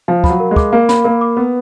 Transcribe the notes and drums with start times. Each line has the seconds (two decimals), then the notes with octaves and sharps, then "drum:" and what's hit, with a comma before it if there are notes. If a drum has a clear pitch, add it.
0.08 F3 F5
0.24 B5, drum: kick
0.29 F#3
0.40 A#4
0.51 G#3
0.56 D6, drum: kick
0.72 A#3 F5
0.89 B5, drum: snare
1.04 A#3 A#4
1.21 D6
1.37 B3 B4